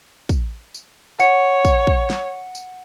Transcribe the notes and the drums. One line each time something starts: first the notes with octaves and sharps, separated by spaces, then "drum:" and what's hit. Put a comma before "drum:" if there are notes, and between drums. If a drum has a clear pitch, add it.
drum: kick, tambourine
drum: tambourine
C#5 F#5 C#7, drum: tambourine
drum: kick, tambourine
drum: kick
drum: snare
drum: tambourine